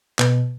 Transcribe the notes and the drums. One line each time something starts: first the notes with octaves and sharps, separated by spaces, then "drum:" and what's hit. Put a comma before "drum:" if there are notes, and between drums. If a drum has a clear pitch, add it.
B2, drum: clap